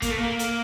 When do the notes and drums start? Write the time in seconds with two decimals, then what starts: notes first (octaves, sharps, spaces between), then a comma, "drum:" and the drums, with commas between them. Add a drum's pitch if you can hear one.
0.02 A#3, drum: kick, hi-hat
0.10 A3
0.17 A#3
0.39 drum: hi-hat